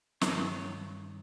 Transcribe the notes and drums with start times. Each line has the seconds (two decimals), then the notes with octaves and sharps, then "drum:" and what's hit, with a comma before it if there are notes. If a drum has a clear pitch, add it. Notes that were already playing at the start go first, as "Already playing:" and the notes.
0.21 G2 D#3 C#5, drum: snare